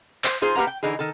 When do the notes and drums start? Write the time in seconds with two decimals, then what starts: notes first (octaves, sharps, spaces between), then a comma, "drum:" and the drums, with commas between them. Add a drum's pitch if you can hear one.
0.24 C5, drum: clap
0.42 D#4 F4 G#4 C5
0.55 A#3 G4 B4 F#5 A#5
0.67 G5
0.83 D3 E3 D#4 G#4
0.99 D#3 A4